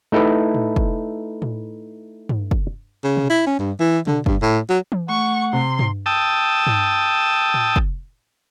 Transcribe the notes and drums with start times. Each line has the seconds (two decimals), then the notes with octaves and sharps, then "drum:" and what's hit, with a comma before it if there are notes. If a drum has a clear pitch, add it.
0.12 A3 D#4 E4 A4 B4
0.55 drum: tom A2
0.76 drum: kick
1.42 drum: tom A2
2.29 drum: tom G2
2.51 drum: kick
3.04 C#3
3.17 drum: tom B2
3.30 E4
3.47 C#4
3.59 G2
3.80 E3
4.07 D3, drum: tom B2
4.26 G2, drum: kick
4.42 A2
4.69 F#3
4.92 drum: tom E3
5.09 A3 F#5 C#6
5.53 C3 C6
5.79 drum: tom G2
6.06 G5 A5 D#6 E6
6.67 drum: tom G2
7.54 drum: tom A2
7.76 drum: kick